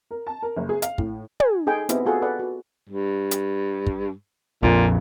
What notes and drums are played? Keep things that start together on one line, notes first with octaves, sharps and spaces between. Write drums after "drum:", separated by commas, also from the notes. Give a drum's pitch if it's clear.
A#4
A5
A#4
F#1
G#4
F5, drum: hi-hat
A2, drum: kick
G#5, drum: tom
D#4 G#4 A4 G5 G#5
B3 C4 E4 G4 D#5, drum: hi-hat
F4 F#4 G#4 A4 F#5
A4 B4 D5 F#5
F#4
G2
drum: hi-hat
drum: kick
A#1 F2 A#2